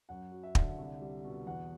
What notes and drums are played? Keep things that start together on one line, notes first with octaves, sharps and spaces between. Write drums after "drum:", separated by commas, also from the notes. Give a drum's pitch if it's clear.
F#2 F#5
F#3
E5
D3, drum: kick
C2
G3
B2
E2 F#5